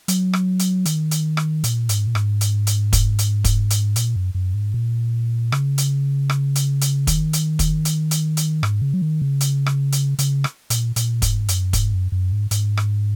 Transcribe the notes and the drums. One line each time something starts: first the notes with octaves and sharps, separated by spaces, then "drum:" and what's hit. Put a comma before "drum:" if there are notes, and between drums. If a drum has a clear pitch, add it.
F#3, drum: hi-hat
drum: rim click
drum: hi-hat
D#3, drum: hi-hat
drum: hi-hat
drum: rim click
A#2, drum: hi-hat
G#2, drum: hi-hat
A#2
G#2, drum: rim click
drum: hi-hat
drum: hi-hat
drum: kick, hi-hat
drum: hi-hat
drum: kick, hi-hat
drum: hi-hat
A#2, drum: hi-hat
F#2
F#2
G#2
A#2
C#3, drum: rim click
drum: hi-hat
drum: rim click
drum: hi-hat
drum: hi-hat
D#3, drum: kick, hi-hat
drum: hi-hat
drum: kick, hi-hat
drum: hi-hat
drum: hi-hat
drum: hi-hat
G#2, drum: rim click
C#3
F#3
D#3
C#3
drum: hi-hat
drum: rim click
drum: hi-hat
C#3, drum: hi-hat
drum: rim click
A#2, drum: hi-hat
A#2, drum: hi-hat
G#2, drum: kick, hi-hat
F#2, drum: hi-hat
G#2, drum: kick, hi-hat
F#2
F#2
G#2
G#2, drum: hi-hat
drum: rim click